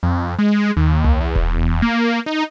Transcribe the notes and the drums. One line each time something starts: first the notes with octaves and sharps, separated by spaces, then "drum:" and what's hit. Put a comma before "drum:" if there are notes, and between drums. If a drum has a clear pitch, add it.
F2
G#3
D#2
drum: tom C2
E2
drum: kick D#1
A#3
D#4